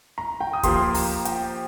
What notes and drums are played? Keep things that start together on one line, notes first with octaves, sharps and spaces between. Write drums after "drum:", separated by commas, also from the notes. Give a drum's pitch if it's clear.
A#5
G5
D#6
F3 A#3 G4 C6, drum: kick D2, hi-hat
A#5, drum: open hi-hat
G5, drum: hi-hat